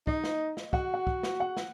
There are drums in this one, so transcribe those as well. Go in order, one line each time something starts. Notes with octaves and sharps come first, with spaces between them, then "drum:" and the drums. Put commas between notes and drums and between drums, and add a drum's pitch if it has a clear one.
D#4 D#5, drum: kick
drum: snare
drum: snare
F#4 F#5, drum: kick
F#5
drum: kick
drum: snare
F#5
drum: snare